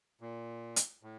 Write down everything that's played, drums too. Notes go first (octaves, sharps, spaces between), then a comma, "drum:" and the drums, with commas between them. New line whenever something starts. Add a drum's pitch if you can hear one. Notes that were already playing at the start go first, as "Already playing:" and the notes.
A#2
drum: hi-hat
A2